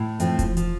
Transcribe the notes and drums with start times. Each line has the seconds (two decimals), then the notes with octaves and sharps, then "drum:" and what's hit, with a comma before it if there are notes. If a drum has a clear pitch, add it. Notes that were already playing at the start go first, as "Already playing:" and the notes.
Already playing: A2
0.20 F3 A3 C4, drum: hi-hat
0.39 drum: kick E1, hi-hat
0.57 F3, drum: hi-hat